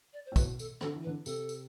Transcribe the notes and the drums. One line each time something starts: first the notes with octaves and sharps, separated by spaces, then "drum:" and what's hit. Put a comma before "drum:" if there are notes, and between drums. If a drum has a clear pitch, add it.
D5
C5
A2
B2 B4, drum: kick, tambourine
A4, drum: tambourine
D3 A4, drum: rim click
E3
B4
D3
C3 A4, drum: tambourine
drum: tambourine